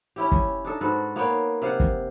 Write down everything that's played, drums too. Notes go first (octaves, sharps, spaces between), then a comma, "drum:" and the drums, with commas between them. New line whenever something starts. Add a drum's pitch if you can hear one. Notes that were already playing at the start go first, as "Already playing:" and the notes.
C#4 E4 G4
drum: kick
D4 D#4 A4
G#2 F#4 A4 B4
A#3 B3 C#5 G5
C3 F5 F#5
drum: kick